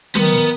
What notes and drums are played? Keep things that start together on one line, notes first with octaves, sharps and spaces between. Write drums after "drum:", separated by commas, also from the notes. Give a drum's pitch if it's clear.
D#3 B3, drum: tom F#3